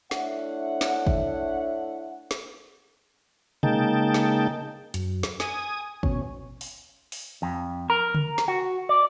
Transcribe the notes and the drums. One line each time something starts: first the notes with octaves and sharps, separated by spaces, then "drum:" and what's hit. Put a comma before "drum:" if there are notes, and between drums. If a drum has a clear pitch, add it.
A3 D4 E4 C#5 E5 F#5, drum: snare
drum: snare
drum: kick
drum: snare
C#3 G#3 A#3 D#4 G5 A5, drum: tom B2
drum: snare
F#2, drum: hi-hat
drum: snare
G#5 D#6, drum: snare
B2 C#4, drum: kick
drum: open hi-hat
drum: open hi-hat
F2
A#4
drum: tom C#3
drum: snare
F#4
D5